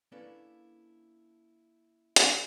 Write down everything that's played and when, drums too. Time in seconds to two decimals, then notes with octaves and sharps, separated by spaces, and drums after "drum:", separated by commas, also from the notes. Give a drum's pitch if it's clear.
0.12 A#3 C#4 D4 E4 A4 B4
2.16 drum: hi-hat